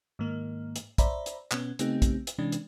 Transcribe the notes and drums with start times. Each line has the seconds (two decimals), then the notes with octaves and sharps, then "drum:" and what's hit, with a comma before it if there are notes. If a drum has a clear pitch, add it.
0.19 G#2 D#3 A#3
0.76 drum: hi-hat
0.98 C5 D5 E5 A#5 B5, drum: kick, hi-hat
1.26 drum: hi-hat
1.51 B2 B3 C#4, drum: clap
1.79 C#3 A3 B3 C4 D#4 G4, drum: hi-hat
2.02 drum: kick, hi-hat
2.27 drum: hi-hat
2.38 C3 E3 G#3 C#4 D4
2.52 drum: hi-hat